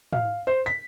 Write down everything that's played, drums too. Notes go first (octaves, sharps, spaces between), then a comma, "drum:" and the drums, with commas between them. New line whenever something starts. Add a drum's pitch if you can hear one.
F5, drum: tom
C5
B6